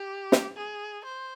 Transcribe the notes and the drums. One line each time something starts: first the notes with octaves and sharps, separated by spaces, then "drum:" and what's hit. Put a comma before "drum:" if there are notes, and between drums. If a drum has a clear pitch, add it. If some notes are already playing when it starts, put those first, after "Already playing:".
Already playing: G4
drum: snare
G#4
C5